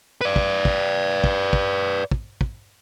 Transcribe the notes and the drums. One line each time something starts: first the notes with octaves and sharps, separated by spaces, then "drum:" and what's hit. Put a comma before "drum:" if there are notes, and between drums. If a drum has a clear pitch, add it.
B4 D5
drum: kick
drum: kick
drum: kick
drum: kick
drum: kick
drum: kick